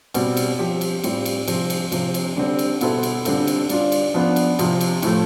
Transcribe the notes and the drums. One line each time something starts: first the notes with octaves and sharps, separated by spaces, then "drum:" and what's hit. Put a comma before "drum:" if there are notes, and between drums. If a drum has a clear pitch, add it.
B2 G3 C4, drum: cymbal
drum: cymbal
F3 C4 G4
drum: cymbal
A2 G3 C4 F4, drum: cymbal
drum: cymbal
C3 F3 C4, drum: cymbal
drum: cymbal
C3 F3 C4, drum: cymbal
drum: cymbal
D3 G3 C4
drum: cymbal
B2 B3 E4 A4 C5, drum: cymbal
drum: cymbal
D3 G3 C4 F4 A4, drum: cymbal
drum: cymbal
G3 D4 F4, drum: cymbal
drum: cymbal
F3 B3 D4
drum: cymbal
C3 F3 C4, drum: cymbal
drum: cymbal
A2 F3 A3, drum: cymbal